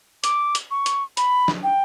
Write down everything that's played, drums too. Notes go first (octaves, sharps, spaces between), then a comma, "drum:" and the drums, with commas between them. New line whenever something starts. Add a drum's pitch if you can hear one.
D6, drum: hi-hat
drum: hi-hat
C#6
drum: hi-hat
B5, drum: hi-hat
drum: snare
G5